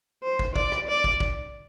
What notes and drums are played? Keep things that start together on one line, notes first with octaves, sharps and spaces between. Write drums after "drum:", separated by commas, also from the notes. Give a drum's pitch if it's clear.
C5
drum: kick
D5, drum: kick
drum: rim click
D5
drum: kick
drum: kick